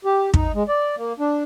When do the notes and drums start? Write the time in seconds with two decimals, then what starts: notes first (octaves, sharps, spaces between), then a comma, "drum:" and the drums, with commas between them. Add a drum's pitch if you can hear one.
0.05 G4
0.34 D#4, drum: kick
0.55 G#3
0.69 D5
0.98 A#3
1.19 D4